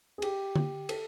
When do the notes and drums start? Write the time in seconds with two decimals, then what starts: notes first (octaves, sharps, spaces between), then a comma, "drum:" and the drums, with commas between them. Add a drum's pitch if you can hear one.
0.18 G#4
0.22 G4, drum: cymbal
0.55 drum: tom D3
0.89 A4, drum: cymbal